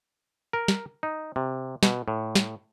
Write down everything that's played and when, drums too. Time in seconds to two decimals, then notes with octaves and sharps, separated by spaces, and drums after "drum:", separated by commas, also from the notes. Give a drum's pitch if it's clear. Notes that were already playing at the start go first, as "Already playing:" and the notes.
0.53 A#4
0.68 drum: snare
1.03 D#4
1.36 C3
1.83 B2, drum: snare
2.08 A2
2.35 drum: snare